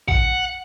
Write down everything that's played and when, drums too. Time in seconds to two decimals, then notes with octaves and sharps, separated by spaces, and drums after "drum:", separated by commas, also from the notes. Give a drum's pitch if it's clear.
0.08 F#5, drum: kick A1